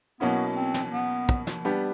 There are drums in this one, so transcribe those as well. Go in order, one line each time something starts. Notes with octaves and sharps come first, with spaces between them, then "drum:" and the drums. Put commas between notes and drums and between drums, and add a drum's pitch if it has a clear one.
B2 F#3 A#3 B3 C#4 E4
C4
drum: snare
B3
drum: kick
drum: snare
G3 B3 D4 G4